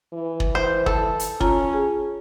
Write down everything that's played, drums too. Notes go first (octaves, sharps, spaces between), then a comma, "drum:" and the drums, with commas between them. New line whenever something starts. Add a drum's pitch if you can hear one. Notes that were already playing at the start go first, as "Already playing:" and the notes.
E3
drum: kick
C5
A4, drum: kick
drum: hi-hat
C#4 F4 A#5, drum: kick
G#4